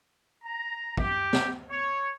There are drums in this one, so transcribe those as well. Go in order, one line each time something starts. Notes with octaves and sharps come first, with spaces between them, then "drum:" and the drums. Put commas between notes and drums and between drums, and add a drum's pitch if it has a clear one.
A#5
G4, drum: kick
drum: snare
C#5